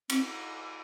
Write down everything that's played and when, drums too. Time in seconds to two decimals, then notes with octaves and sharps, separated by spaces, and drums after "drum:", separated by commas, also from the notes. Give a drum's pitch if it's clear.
0.10 C4, drum: cymbal